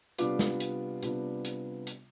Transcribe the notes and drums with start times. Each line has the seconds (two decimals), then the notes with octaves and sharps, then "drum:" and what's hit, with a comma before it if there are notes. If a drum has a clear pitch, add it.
0.19 C3 G3 B3 D4 F4 D6, drum: hi-hat
0.39 drum: snare
0.60 drum: hi-hat
1.03 C3 G3 B3 D4 F4, drum: hi-hat
1.45 drum: hi-hat
1.87 drum: hi-hat